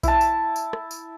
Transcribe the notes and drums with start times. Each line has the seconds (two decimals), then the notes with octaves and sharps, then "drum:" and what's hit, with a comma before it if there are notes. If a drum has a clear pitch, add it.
0.03 E4 A5, drum: kick B1, tambourine
0.21 drum: tambourine
0.56 drum: tambourine
0.73 drum: rim click
0.91 drum: tambourine